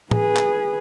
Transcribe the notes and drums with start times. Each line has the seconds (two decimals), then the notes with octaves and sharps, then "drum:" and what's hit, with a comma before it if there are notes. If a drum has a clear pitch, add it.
0.11 G#4 B4, drum: tom A2
0.37 drum: clap